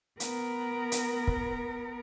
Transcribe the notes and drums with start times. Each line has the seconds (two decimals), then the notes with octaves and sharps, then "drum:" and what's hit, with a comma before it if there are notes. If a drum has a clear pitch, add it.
0.20 B3 A#4, drum: hi-hat
0.92 drum: hi-hat
1.28 drum: kick